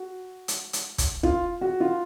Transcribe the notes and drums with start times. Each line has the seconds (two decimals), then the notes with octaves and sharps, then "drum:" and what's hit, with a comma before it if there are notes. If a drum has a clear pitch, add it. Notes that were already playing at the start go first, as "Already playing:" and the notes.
Already playing: F#4
0.48 drum: hi-hat
0.73 drum: hi-hat
0.98 drum: kick, hi-hat
1.23 F4, drum: kick
1.61 F#4
1.80 F4